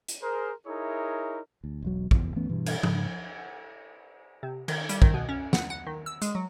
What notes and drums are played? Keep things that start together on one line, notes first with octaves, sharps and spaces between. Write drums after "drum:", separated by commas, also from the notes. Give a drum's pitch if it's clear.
drum: hi-hat
G#4 A#4 C5
D#4 E4 G#4 A#4 C#5 E5
D2
E1 B1 F#3
F1 E2, drum: kick
E3 A3 B3 C#4
G2 B2 E3
drum: cymbal
G#2 C#3, drum: tom F3
C3
D#3, drum: cymbal
G3, drum: hi-hat
D#3, drum: kick
B2
C#4
F#5, drum: snare
F#5
D#3
E6
G#3, drum: hi-hat
F#3